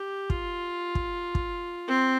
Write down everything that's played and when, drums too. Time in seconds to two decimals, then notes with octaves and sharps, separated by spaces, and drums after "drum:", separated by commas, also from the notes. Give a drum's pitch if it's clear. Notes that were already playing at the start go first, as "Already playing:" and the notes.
Already playing: G4
0.30 F4, drum: kick
0.95 drum: kick
1.35 drum: kick
1.88 C4